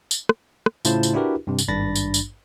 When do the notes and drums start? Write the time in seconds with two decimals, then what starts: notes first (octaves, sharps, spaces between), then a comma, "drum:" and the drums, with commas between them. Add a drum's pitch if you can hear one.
0.11 drum: tambourine
0.29 drum: rim click
0.66 drum: rim click
0.85 A2 C#3 E4 F4 C5 A5, drum: tambourine
1.03 drum: tambourine
1.14 D4 E4 F#4 G4 A#4 B4
1.47 G2 C3
1.59 drum: tambourine
1.68 G#1 G2 D4 B5 A6 A#6
1.95 drum: tambourine
2.14 drum: tambourine